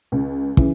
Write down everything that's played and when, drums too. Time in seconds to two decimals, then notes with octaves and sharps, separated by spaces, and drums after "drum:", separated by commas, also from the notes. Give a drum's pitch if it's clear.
0.12 C#2
0.57 C#3 E3, drum: kick